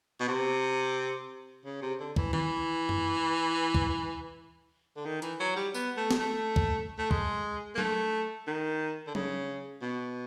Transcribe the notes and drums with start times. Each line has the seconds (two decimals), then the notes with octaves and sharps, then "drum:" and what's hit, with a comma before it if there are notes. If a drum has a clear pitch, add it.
0.20 B2
0.28 C3
1.65 C#3
1.82 C3
2.00 D3
2.16 E3, drum: kick
2.33 E3, drum: tom D#3
2.89 drum: tom F#2
3.75 drum: kick
4.97 D3
5.05 D#3
5.22 E3, drum: hi-hat
5.40 F#3
5.56 G3
5.74 B3, drum: tambourine
5.97 A3
6.11 drum: snare
6.20 A3
6.56 drum: kick
6.98 A3
7.11 G#3, drum: kick
7.75 A#3
7.78 A3, drum: tom F#3
8.47 D#3
9.07 D3
9.15 C#3, drum: tom F#3
9.82 B2